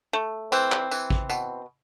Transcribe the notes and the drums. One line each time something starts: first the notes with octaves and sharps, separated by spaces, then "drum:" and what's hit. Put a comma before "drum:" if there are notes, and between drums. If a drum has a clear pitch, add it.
A3
E3 C4, drum: tambourine
drum: clap
E3, drum: tambourine
drum: kick
B2, drum: tambourine